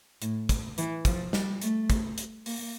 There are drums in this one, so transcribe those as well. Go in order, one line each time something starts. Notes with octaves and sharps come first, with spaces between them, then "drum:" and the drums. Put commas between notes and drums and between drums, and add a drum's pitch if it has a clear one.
A2, drum: hi-hat
drum: kick, hi-hat
E3, drum: hi-hat
F3, drum: kick, hi-hat
G3, drum: snare
A3, drum: hi-hat
drum: kick, hi-hat
drum: hi-hat
A#3, drum: open hi-hat